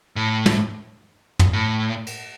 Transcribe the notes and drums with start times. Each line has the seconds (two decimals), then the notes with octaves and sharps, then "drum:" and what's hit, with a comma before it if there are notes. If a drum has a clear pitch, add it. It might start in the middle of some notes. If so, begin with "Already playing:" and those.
0.16 A2
0.46 drum: tom
1.39 drum: tom
1.53 A2
2.06 drum: cymbal